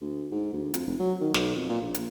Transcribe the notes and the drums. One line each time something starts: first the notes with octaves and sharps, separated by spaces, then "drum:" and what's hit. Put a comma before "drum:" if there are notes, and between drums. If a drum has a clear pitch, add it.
D2
G#2
D2
F2, drum: hi-hat
F1
F#3
D#3
B1, drum: snare
F2
A#2
A#1
drum: hi-hat